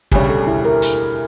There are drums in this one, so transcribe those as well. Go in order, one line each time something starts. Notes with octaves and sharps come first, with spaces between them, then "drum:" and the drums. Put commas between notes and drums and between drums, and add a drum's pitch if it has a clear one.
E1 D2 C#3 G3 C#4 G4, drum: kick, open hi-hat
A4
E4
A#4
drum: hi-hat